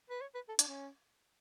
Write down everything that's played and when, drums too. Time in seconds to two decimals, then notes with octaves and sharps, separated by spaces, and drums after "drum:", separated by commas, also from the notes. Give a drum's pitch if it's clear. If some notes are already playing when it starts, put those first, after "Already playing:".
0.10 B4
0.21 C#5
0.35 B4
0.49 A4
0.59 D4, drum: hi-hat
0.68 C#4